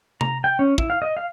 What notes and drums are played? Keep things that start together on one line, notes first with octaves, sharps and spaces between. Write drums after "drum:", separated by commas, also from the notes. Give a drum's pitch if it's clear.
A#5, drum: tom C3
G5
C#4
E4, drum: kick
F5
D#5
F5